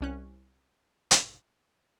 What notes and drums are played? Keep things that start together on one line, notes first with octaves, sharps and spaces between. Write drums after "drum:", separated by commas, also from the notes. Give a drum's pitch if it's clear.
C2 C#4 F#6
drum: hi-hat